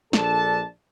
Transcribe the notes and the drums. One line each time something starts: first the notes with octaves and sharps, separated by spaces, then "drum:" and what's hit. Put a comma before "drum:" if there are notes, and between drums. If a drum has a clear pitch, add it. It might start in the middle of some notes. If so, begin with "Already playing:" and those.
A#1 D4 A4 A5, drum: snare